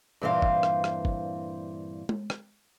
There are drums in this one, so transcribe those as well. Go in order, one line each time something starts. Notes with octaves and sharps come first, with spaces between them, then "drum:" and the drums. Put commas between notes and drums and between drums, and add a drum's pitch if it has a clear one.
G2 A#2 E3 C4 C5 F5
drum: kick
drum: rim click
drum: rim click
drum: kick
drum: tom G#3
drum: rim click